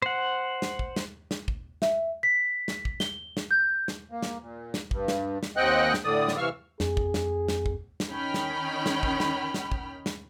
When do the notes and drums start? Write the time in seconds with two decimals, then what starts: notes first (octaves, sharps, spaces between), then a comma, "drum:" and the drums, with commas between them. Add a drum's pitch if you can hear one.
0.02 C5 F#5
0.62 drum: snare
0.79 drum: kick
0.96 drum: snare
1.31 drum: snare
1.48 drum: kick
1.82 E5, drum: snare
2.23 B6
2.68 drum: snare
2.85 drum: kick
3.00 G7, drum: snare
3.37 drum: snare
3.51 G6
3.88 drum: snare
4.11 A#3
4.22 drum: snare
4.40 A#2
4.74 drum: snare
4.91 G2, drum: kick
5.08 drum: snare
5.43 drum: snare
5.57 D#2 C4 D#5 F#5 G5 F#6
5.94 drum: snare
6.04 A2 D3 D5 D#6
6.28 drum: snare
6.37 C3 E3 F5 C#6 E6 F6
6.80 F2 G#4, drum: snare
6.97 drum: kick
7.14 drum: snare
7.49 drum: snare
7.66 drum: kick
8.00 drum: snare
8.11 D#3 C#4 D#4 G5 B5 F6
8.34 drum: snare
8.86 drum: snare
9.03 drum: kick
9.20 drum: snare
9.54 drum: snare
9.72 drum: kick
10.06 drum: snare